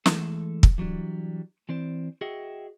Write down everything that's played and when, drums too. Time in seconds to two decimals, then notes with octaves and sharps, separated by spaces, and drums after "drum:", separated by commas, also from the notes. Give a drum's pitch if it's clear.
0.06 E3 G#3 A3 A4, drum: snare
0.63 drum: kick
0.78 E3 F#3 G3 D4
1.69 E3 C4 C5 D5
2.21 F#4 G#4 D#5 E5 F#5 G5